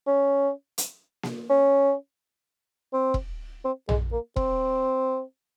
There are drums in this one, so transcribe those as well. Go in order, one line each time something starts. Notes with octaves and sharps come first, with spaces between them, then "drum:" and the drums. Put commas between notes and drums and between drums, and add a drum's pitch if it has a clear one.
C#4
drum: hi-hat
drum: snare A#3
C#4
C4
drum: kick E1
C4
G#3, drum: tom A#1
A#3
C4, drum: kick E1